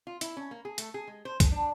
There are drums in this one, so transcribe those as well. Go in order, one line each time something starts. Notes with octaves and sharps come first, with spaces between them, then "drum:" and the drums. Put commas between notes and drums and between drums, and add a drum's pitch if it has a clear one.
F4
E4, drum: hi-hat
C#4
A#3
G#4
A3, drum: hi-hat
G#4
G#3
C5
G#4, drum: kick C2, hi-hat
D4